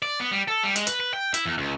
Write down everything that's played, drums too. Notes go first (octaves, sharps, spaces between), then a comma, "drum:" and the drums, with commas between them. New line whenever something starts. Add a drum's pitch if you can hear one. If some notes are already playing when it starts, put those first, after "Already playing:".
D5
B3
G3
A4
G3
G#3, drum: hi-hat
B4, drum: hi-hat
B4
G5
E4, drum: hi-hat
E2
C#2